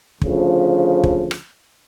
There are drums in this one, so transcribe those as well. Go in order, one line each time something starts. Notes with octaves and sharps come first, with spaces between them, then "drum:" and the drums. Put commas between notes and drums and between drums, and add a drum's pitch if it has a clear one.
D2 C#3 F3, drum: kick
drum: kick
drum: rim click